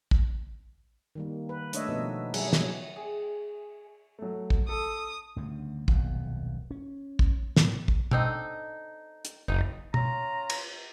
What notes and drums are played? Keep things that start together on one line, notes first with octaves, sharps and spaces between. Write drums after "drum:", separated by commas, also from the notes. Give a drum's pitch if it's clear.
drum: kick
D#3 G3 A#3
B4
A3 D4 C#5 D#5 E5, drum: hi-hat
B2 F3 B3 D#4
F#3 G3 G#4, drum: cymbal
F#3, drum: snare
G#4
F#3 A3
drum: kick
A4 D#6
D2 G2 C#3
D#1 B1 F2 B2, drum: kick
C#4
drum: kick
G#2 C3, drum: snare
drum: kick
D3 C4 D#4, drum: tom
drum: hi-hat
F#1 D#4
C#4 F4 A#5, drum: tom
drum: cymbal